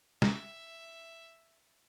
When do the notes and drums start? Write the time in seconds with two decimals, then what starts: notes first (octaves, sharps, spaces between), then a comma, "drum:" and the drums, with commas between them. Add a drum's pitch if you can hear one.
0.22 E5 G5 A#5, drum: snare